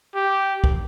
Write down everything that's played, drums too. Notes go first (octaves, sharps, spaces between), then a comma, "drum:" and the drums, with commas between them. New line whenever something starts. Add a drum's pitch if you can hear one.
G4
drum: kick